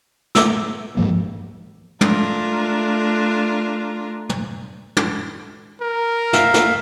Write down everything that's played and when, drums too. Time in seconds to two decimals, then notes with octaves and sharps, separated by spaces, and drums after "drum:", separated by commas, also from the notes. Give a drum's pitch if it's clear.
0.35 D6 E6, drum: snare
0.97 G#2 F3 A#3
2.01 A3 D4 F4 A#4, drum: tom
4.29 drum: tom
4.97 drum: tom
5.81 A#4
6.33 E5 F5, drum: snare
6.54 drum: snare